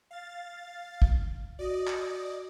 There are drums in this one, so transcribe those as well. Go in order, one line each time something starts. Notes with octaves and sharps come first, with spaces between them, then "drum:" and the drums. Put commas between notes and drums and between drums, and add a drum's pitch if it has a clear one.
F5 A6
drum: kick
F#4 D5 D#5
drum: clap